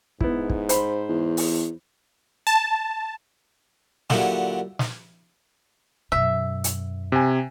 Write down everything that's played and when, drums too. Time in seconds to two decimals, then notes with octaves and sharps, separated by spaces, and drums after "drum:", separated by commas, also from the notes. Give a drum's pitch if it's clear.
0.21 G#2 B3 E4, drum: kick
0.50 drum: kick
0.69 C5 B5, drum: hi-hat
1.09 E2
1.37 drum: open hi-hat
2.47 A5
4.10 A#2 D3 F#3 E4 G4, drum: snare
4.79 drum: snare
6.12 F#2 B2 E5
6.64 drum: hi-hat
7.12 C3 G#5